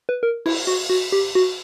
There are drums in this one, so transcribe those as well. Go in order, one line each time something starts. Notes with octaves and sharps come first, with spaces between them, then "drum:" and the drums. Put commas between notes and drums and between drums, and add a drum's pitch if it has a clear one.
B4
A#4
E4, drum: cymbal
F#4
F#4
G4
F#4